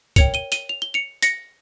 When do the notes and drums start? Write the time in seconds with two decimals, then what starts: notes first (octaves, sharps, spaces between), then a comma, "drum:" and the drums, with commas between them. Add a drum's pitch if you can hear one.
0.16 A#4 C#5 G5 C#7 F7, drum: kick, hi-hat
0.34 D#7 G7
0.52 D#7 G7, drum: hi-hat
0.69 F7
0.82 G7
0.94 C#7 F7
1.22 A#6 C#7, drum: hi-hat